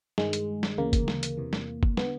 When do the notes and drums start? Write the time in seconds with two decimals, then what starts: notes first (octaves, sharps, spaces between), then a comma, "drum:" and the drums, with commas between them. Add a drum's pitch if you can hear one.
0.18 G2 D#3 G#3, drum: snare
0.33 drum: hi-hat
0.63 drum: snare
0.78 D2 C#3 E3 A#3
0.93 drum: kick F#1, hi-hat
1.08 drum: snare
1.23 drum: hi-hat
1.37 E2 C3 E3
1.53 drum: snare
1.83 drum: kick F#1
1.97 D3 B3, drum: snare